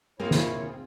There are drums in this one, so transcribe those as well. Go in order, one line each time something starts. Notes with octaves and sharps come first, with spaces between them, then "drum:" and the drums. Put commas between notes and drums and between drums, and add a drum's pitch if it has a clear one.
A#3 C4 E4 F4 G#4 C#5
drum: snare